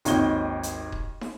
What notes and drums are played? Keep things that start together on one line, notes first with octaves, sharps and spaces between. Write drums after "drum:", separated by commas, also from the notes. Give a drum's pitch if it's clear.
G#1 D#2 C#5 D#5 G5 G7, drum: hi-hat
drum: hi-hat
drum: kick D#1
drum: snare